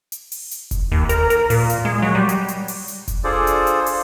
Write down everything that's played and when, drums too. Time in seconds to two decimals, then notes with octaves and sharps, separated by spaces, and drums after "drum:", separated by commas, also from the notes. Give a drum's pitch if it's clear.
0.12 drum: hi-hat
0.32 drum: open hi-hat
0.51 drum: hi-hat
0.71 drum: kick F1, hi-hat
0.92 D#2
1.09 A#4, drum: hi-hat
1.30 A#4, drum: hi-hat
1.50 A#2, drum: open hi-hat
1.70 drum: hi-hat
1.85 G#3
2.02 F#3
2.15 G3
2.29 drum: hi-hat
2.48 drum: hi-hat
2.68 drum: open hi-hat
2.88 drum: hi-hat
3.08 drum: kick F1, hi-hat
3.24 D4 F4 G#4 A4 C5 D5
3.47 drum: hi-hat
3.67 drum: hi-hat
3.86 drum: open hi-hat